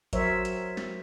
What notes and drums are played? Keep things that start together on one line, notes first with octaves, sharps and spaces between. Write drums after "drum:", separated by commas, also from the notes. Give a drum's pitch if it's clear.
F#3 A#4 C5 C#5 E5, drum: kick G#1, hi-hat
drum: hi-hat
drum: snare